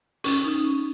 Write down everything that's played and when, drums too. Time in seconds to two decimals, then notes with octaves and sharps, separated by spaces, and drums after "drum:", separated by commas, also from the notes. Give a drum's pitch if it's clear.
0.24 C#4, drum: hi-hat
0.44 D#4
0.65 C#4